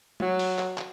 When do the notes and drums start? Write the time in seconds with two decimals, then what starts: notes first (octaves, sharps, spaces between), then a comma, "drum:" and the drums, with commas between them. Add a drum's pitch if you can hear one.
0.20 F#3, drum: tom G#3
0.39 drum: open hi-hat
0.58 drum: clap
0.78 drum: clap